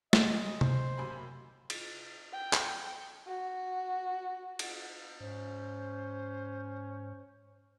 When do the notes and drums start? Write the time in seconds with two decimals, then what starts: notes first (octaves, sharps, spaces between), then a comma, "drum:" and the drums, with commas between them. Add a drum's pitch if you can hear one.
0.13 D2 F#3 D#5, drum: snare
0.61 C5, drum: tom C3
0.97 F#2 A#3 G4 G#5 B5
1.70 drum: cymbal
2.33 G5
2.53 drum: clap
3.27 F#4
4.59 drum: cymbal
5.20 G#2 C#4 C5